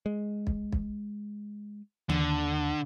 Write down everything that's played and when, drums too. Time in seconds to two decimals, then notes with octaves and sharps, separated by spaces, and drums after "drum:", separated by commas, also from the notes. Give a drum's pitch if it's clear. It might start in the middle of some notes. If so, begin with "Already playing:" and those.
0.06 G#3
0.47 drum: kick
0.72 drum: kick
2.09 D#2 D3, drum: tom D#3